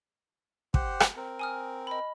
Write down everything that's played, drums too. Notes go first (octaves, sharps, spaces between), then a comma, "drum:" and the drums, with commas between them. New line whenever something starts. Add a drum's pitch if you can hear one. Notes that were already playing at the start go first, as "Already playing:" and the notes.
G4 C5 F#5, drum: kick
drum: rim click
C4 A#4
G#5 D#6 F6
D#5 B5